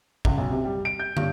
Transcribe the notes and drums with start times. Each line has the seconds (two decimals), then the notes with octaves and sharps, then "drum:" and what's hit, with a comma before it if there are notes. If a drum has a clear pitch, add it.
0.25 C#2, drum: kick
0.38 B1
0.51 C3
0.65 G3
0.85 D7
1.00 G6
1.17 G2, drum: tom